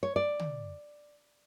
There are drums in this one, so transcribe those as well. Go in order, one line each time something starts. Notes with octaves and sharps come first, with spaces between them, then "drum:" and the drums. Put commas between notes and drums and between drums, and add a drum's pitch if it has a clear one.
C#5
D5
drum: tom